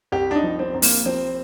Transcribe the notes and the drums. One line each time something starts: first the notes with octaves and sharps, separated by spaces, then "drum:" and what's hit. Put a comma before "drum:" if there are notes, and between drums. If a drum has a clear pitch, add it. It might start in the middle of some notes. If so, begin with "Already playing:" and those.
C2 G4
D4
D#4
F3
C4
C2
A#3, drum: open hi-hat
F3 C4